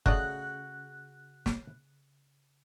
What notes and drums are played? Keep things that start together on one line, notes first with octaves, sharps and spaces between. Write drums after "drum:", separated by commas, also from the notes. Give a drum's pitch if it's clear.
C#3 A3 F#4 D5 D#5 F#6, drum: kick G1
drum: snare